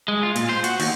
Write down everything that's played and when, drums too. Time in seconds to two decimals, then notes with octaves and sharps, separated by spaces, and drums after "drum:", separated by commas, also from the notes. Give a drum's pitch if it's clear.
0.08 G#3
0.23 F4
0.36 A#2, drum: hi-hat
0.49 C5
0.64 F#4, drum: hi-hat
0.80 D#2, drum: open hi-hat